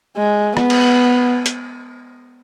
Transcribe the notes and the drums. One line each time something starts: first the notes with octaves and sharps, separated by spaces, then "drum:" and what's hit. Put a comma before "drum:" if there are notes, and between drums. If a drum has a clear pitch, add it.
G#3
B3, drum: rim click
drum: cymbal
drum: hi-hat